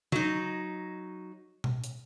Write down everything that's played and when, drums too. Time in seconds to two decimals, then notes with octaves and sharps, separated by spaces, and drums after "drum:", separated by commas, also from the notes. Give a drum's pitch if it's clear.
0.12 F#3 D#4, drum: tom C#3
1.64 drum: tom B2
1.84 drum: hi-hat